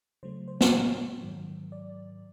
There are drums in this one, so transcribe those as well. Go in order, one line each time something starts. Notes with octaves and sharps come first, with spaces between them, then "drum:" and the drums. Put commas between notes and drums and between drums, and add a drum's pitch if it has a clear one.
C#3 F#3 A3 C5
C5
C#5, drum: snare
G#2 D#3 F#3
D5